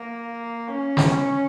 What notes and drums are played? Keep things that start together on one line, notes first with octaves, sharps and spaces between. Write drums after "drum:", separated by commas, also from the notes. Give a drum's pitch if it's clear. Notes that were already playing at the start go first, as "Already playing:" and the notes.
Already playing: A#3
C#4
drum: snare